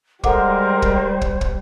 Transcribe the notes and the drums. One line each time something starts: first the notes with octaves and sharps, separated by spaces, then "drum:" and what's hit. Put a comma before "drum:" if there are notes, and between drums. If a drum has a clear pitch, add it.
G3 G#3 A4 A#4 C5 F#5 D6, drum: kick
drum: kick
drum: kick
drum: kick